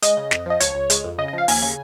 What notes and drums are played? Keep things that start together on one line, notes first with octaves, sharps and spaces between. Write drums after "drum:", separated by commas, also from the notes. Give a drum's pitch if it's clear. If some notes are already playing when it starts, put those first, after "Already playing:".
G#3 D#5, drum: hi-hat
C#3
F2, drum: snare
F3 D#5
C#2 C#5, drum: hi-hat
C#2
G#3, drum: hi-hat
F2
C#3 D#5
D#5
F3 F5
D#2 G#5, drum: open hi-hat
C#3